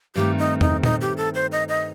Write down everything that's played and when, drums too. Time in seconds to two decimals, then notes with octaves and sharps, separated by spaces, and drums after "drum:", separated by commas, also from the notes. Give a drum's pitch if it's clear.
0.15 G2 D#3 A3 C4 G4
0.38 D#4
0.61 D#4, drum: tom
0.83 D#4, drum: tom A#2
1.01 G4
1.17 A4
1.35 C5
1.52 D#5
1.69 D#5